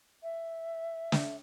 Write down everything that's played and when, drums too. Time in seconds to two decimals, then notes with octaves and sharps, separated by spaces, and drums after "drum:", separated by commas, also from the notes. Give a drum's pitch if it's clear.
0.23 E5
1.12 drum: snare